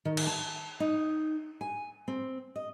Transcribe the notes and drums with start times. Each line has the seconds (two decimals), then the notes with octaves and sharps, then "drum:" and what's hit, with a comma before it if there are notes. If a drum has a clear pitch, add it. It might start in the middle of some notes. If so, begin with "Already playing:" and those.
0.05 D#3
0.17 drum: cymbal
0.27 A5
0.80 D#4
1.61 G#5
2.08 C4
2.56 D#5